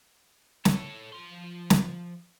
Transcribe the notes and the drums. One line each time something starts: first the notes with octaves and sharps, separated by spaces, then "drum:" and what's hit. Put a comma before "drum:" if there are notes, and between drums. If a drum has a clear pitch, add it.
A4 C#5, drum: snare
F3 C6
drum: snare